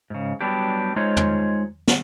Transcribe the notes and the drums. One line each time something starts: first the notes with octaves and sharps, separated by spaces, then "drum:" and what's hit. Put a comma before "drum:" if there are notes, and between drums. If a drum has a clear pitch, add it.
G#2 C#3
F#3 G3 B3 D4 G4
G#3 D#4 F4 G#4 C5 C#5
drum: tom
drum: snare